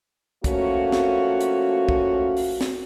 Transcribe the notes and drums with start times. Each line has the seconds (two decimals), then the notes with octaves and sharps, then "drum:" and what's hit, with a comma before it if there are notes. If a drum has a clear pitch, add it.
0.44 F3 A3 A#3 C#4 F#4, drum: kick, hi-hat
0.92 drum: snare
1.40 drum: hi-hat
1.89 drum: kick
2.37 drum: open hi-hat
2.61 drum: snare